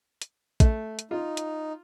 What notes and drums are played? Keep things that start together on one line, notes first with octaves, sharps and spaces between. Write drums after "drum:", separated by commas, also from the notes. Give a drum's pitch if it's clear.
drum: hi-hat
A3, drum: kick, hi-hat
drum: hi-hat
D#4 F4
drum: hi-hat